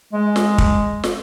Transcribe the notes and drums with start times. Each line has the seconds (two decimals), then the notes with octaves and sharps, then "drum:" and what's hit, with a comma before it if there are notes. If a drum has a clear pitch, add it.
0.13 G#3
0.36 drum: snare
0.58 drum: kick
1.04 drum: snare